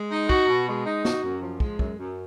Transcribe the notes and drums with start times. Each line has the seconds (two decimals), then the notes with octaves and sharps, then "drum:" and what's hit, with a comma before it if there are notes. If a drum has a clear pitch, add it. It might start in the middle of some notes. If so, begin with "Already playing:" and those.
Already playing: G#3
0.11 D#4
0.30 F#4, drum: kick
0.48 B2
0.67 G#3
0.86 D#4
1.05 F#4, drum: snare
1.24 F#2
1.42 F3
1.60 G#3, drum: kick
1.79 F#2, drum: kick
1.98 F#2